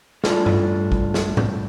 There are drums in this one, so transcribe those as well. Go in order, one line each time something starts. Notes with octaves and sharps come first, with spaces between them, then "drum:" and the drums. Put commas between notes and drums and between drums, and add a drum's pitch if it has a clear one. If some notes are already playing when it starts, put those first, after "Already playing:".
A2 G3 D4 F4 A4, drum: snare
drum: tom G2
drum: kick
drum: snare
drum: tom G#2